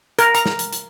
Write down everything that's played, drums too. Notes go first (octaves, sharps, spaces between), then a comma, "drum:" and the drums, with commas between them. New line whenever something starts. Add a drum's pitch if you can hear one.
A#4, drum: hi-hat
A#5, drum: hi-hat
drum: snare
drum: hi-hat
drum: hi-hat